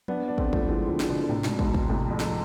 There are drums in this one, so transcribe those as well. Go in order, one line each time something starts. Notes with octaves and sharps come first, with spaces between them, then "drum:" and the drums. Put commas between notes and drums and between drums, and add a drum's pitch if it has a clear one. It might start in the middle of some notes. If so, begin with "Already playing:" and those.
B3 D4, drum: tom F3
D4
A3 C4, drum: kick
F3 A3, drum: kick
E3 G#3
D3 F3
E3, drum: snare
B2 D3
D3
A2 C3, drum: tom G#2
G#2 B2, drum: snare
G#2 B2, drum: kick
drum: kick
A2 C3
F2
drum: snare